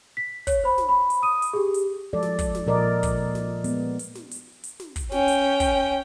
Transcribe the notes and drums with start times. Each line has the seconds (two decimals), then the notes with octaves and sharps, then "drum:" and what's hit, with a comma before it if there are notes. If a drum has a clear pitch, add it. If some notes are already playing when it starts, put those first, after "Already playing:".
0.17 B6
0.47 C#5, drum: kick, hi-hat
0.64 C5 B5
0.78 drum: snare
0.89 B5
1.10 drum: hi-hat
1.22 D#6 D#7
1.42 drum: hi-hat
1.53 G4 G#4
1.74 drum: hi-hat
2.13 F3 G#3 A4 D5
2.22 drum: snare
2.39 drum: kick, hi-hat
2.55 drum: snare
2.66 A#2 F3 A#4 D5 D#5
3.03 drum: kick, hi-hat
3.35 drum: snare
3.64 G#3 B3, drum: hi-hat
3.99 drum: hi-hat
4.15 drum: snare
4.31 drum: hi-hat
4.64 drum: hi-hat
4.80 drum: snare
4.96 drum: kick, hi-hat
5.12 C#4 G5, drum: snare
5.28 drum: hi-hat
5.60 drum: kick, hi-hat